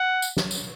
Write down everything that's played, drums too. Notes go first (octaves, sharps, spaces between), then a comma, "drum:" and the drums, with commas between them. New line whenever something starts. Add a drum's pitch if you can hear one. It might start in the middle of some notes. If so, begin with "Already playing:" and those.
Already playing: F#5
drum: tambourine
drum: snare
drum: tambourine